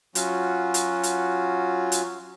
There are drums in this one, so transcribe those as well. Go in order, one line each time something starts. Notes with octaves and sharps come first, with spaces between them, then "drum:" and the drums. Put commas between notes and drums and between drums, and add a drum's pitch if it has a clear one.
F#3 C#4 F4 F#4, drum: hi-hat
drum: hi-hat
drum: hi-hat
drum: hi-hat